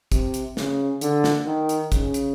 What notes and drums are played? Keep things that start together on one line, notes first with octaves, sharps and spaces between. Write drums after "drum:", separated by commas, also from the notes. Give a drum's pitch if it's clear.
C3, drum: kick, hi-hat
drum: hi-hat
C#3, drum: snare
D3, drum: hi-hat
drum: snare
D#3
drum: hi-hat
C#3, drum: kick, hi-hat
drum: hi-hat